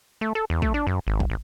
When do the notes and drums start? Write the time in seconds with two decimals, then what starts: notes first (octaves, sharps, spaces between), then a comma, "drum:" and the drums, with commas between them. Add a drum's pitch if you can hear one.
0.21 A3
0.35 A4
0.50 E2
0.62 A3, drum: kick
0.74 D4
0.87 F#2
1.07 G#1
1.20 drum: kick
1.30 A1